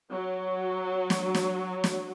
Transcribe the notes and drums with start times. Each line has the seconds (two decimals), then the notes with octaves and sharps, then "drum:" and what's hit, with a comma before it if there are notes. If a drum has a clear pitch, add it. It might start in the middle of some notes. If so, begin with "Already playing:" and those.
0.12 F#3
1.10 drum: snare
1.35 drum: snare
1.84 drum: snare